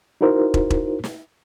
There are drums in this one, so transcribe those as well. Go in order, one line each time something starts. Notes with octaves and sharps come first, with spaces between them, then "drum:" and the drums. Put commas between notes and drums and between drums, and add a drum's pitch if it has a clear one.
D#4 E4 F#4 A#4 C5
drum: kick
drum: kick
drum: snare